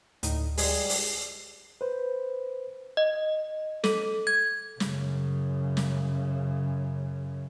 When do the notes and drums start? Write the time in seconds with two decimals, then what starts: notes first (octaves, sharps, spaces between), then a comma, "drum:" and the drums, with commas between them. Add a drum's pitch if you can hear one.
0.23 D2 A2 D#4, drum: hi-hat
0.57 G3 G#3 G#4, drum: open hi-hat
0.90 drum: open hi-hat
1.81 B4 C5
2.97 D#5
3.84 A4, drum: snare
4.27 G#6
4.80 F#2 C#3, drum: snare
5.77 drum: snare